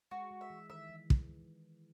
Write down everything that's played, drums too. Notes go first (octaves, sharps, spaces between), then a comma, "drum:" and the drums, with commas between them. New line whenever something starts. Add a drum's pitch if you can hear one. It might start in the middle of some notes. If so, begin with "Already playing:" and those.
G#3 F#4
G#3
E5
E3
D#3 E5
E3
drum: kick